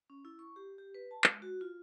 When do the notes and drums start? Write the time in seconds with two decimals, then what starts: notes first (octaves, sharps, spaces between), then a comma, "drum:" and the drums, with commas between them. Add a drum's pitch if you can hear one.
0.10 C#4
0.25 E4
0.39 C#6
0.56 G4
0.78 G4
0.95 B4
1.11 A5
1.24 G#3, drum: clap
1.42 F#4
1.61 F4